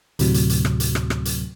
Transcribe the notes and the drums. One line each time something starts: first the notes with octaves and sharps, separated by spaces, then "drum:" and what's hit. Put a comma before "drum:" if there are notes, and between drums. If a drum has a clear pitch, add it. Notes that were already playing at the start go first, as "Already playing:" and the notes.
D2 A2 C3 F#3, drum: hi-hat
drum: hi-hat
drum: hi-hat
drum: rim click
drum: hi-hat
drum: rim click
drum: rim click
drum: hi-hat